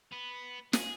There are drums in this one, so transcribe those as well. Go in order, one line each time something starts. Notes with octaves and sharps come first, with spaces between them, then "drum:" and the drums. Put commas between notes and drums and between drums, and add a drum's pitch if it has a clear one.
B3
G#4, drum: snare